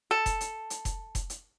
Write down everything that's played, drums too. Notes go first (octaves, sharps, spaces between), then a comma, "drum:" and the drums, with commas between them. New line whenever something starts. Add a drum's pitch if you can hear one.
A4
drum: kick F1, hi-hat
drum: hi-hat
drum: hi-hat
drum: kick F1, hi-hat
drum: kick F1, hi-hat
drum: hi-hat